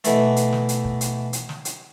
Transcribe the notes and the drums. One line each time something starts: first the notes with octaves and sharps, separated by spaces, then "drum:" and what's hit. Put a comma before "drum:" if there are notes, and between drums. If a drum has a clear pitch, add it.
B2 E3 A3, drum: hi-hat
drum: hi-hat
drum: snare
drum: hi-hat
drum: kick
drum: hi-hat
drum: hi-hat
drum: snare
drum: hi-hat